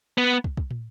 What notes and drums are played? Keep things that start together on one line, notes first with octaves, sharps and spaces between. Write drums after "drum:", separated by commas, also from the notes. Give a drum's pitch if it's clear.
B3
drum: kick
drum: kick
drum: tom